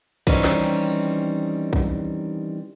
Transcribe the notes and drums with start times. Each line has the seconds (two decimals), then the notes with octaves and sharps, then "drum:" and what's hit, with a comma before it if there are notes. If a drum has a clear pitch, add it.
0.27 D#3 E3 G3 C4 C#4 D#4, drum: kick A#1
0.45 drum: snare
0.63 drum: cymbal
1.73 drum: kick A#1